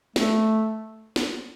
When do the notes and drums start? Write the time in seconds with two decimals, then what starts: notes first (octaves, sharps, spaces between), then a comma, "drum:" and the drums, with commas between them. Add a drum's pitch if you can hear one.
0.16 A3, drum: snare
1.16 drum: snare